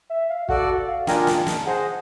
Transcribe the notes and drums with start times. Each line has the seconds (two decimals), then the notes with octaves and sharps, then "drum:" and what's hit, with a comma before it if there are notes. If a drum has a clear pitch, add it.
0.10 E5
0.30 F5
0.49 F#4 A4 D5 F#5, drum: kick
0.69 F#5
0.88 F5
1.07 D4 F4 A#4 D#5 G5 G#5, drum: snare
1.27 drum: snare
1.36 A5
1.47 drum: snare
1.66 G#4 C5 D#5 F#5
1.81 F#5